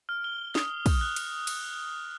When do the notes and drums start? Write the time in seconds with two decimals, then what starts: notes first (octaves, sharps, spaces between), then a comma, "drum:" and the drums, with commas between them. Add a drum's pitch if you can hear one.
0.09 F6
0.24 G7
0.55 D#6, drum: snare
0.86 drum: kick, cymbal
1.01 F#6
1.16 drum: cymbal
1.47 drum: cymbal